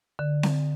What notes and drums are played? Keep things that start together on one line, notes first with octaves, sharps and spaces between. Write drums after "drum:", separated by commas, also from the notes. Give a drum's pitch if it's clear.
D3
drum: snare C4